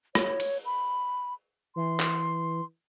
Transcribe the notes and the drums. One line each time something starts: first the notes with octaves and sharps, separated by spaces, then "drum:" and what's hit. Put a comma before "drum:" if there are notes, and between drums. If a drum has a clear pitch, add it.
C#5, drum: rim click
drum: cymbal
B5
E3 C6
drum: clap